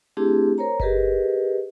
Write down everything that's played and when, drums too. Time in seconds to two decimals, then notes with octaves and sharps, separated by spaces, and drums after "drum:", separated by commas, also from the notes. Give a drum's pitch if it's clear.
0.17 A3 C4 D4 E4 G4 G#4
0.58 A#4 C5 C#5 A#5
0.80 G4 G#4 A#4 B4 D#5, drum: kick F#1